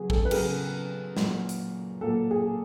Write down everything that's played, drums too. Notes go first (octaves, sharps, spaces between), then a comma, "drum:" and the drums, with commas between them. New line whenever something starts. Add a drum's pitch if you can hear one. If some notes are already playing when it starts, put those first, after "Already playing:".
Already playing: C#3 F#3 B3 G#4
A4, drum: kick A#1
B4
C#3 F#3 B3 G#4 A#4, drum: cymbal
A#2 F#3 A#3, drum: snare
drum: hi-hat
A#2 F#3 A#3 A4
G#4